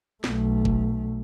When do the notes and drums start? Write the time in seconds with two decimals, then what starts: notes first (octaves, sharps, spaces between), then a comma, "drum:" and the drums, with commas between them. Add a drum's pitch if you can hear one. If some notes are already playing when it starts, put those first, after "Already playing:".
0.24 B1 A3, drum: snare
0.65 drum: kick G1